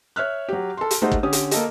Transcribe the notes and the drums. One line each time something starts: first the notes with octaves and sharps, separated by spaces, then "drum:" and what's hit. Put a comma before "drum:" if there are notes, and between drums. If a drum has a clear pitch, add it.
C#5 E5 F6 F#6
F#3 G4
A4 C6
drum: hi-hat
G#3 A3 D#4 G4 C5 F#5
drum: kick
D3 C#4 G4 D#6
drum: hi-hat
A#3 A4 D#5, drum: hi-hat